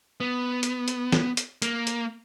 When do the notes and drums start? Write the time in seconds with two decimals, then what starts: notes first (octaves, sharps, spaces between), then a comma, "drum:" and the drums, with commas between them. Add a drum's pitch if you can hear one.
0.20 B3
0.63 drum: hi-hat
0.88 drum: hi-hat
1.12 drum: snare
1.37 drum: hi-hat
1.62 A#3, drum: hi-hat
1.87 drum: hi-hat